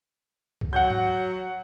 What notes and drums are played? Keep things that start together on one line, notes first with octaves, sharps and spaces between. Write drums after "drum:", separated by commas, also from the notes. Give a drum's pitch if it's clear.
drum: kick
F#3 F#5 G6
drum: tom G#2